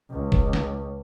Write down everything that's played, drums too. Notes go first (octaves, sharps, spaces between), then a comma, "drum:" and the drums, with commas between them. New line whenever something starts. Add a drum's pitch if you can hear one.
C#2
drum: kick
drum: snare